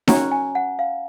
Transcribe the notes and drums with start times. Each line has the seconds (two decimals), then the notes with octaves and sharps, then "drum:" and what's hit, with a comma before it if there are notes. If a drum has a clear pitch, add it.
0.08 C#4 F#4 C#5 A#5, drum: snare D#4
0.32 G#5
0.55 F#5
0.79 F5